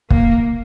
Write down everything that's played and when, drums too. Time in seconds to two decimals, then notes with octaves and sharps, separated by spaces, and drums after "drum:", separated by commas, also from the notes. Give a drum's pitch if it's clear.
0.10 A#3, drum: kick